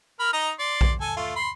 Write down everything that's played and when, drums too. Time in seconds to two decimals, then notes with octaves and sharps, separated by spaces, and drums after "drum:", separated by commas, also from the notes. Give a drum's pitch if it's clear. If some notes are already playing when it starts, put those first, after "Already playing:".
0.20 A#4 B5 F6
0.33 D#4 D#5 A#5
0.60 D5 C6
0.81 drum: kick A#1
1.01 A4 G#5
1.17 A3 F4
1.36 B5 C6